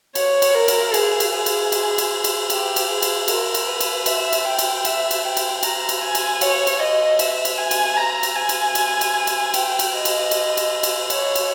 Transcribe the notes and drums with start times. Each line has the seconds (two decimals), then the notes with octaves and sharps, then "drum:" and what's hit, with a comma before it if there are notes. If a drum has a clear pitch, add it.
0.15 C#5, drum: cymbal
0.42 drum: cymbal
0.55 A#4
0.68 drum: cymbal
0.94 G#4, drum: cymbal
1.20 drum: cymbal
1.33 G#4
1.46 drum: cymbal
1.72 drum: cymbal
1.98 drum: cymbal
2.24 drum: cymbal
2.50 G4, drum: cymbal
2.76 drum: cymbal
2.90 G#4
3.02 drum: cymbal
3.28 A#4, drum: cymbal
3.54 drum: cymbal
3.68 B4
3.80 drum: cymbal
4.06 E5, drum: cymbal
4.33 drum: cymbal
4.45 G5
4.59 drum: cymbal
4.85 E5, drum: cymbal
5.11 drum: cymbal
5.24 G5
5.37 drum: cymbal
5.63 A#5, drum: cymbal
5.89 drum: cymbal
6.02 G#5
6.15 drum: cymbal
6.41 C#5, drum: cymbal
6.67 drum: cymbal
6.79 D#5
7.19 E5, drum: cymbal
7.45 drum: cymbal
7.57 G#5
7.71 drum: cymbal
7.97 A#5
8.23 drum: cymbal
8.35 G#5
8.49 drum: cymbal
8.75 drum: cymbal
9.01 drum: cymbal
9.27 drum: cymbal
9.54 G5, drum: cymbal
9.79 drum: cymbal
9.92 D#5
10.05 drum: cymbal
10.31 drum: cymbal
10.57 drum: cymbal
10.83 drum: cymbal
11.10 C#5, drum: cymbal
11.35 drum: cymbal